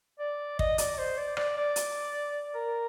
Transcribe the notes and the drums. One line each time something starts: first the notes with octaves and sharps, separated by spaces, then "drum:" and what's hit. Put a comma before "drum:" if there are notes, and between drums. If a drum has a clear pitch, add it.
D5
D#5, drum: kick
D5, drum: hi-hat
C5
D5
D5, drum: rim click
D5
drum: hi-hat
A#4